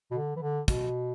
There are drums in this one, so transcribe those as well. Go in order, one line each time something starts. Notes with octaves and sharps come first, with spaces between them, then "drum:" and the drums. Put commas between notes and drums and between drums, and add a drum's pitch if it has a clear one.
B2
D3
E3
D3
B2, drum: kick, hi-hat